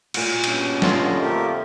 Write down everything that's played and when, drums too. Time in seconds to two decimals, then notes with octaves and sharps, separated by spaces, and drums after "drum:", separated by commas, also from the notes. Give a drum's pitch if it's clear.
0.14 A#2 F#4, drum: cymbal
0.44 G2 B2 C#4, drum: cymbal
0.82 D3 F4 D#5, drum: snare
1.22 F2 F3 A3 G4 A#4